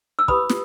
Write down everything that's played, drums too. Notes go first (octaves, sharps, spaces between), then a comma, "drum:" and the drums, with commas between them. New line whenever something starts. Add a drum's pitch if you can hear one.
E6
E4 G4 B4 B5 D#6, drum: kick
drum: snare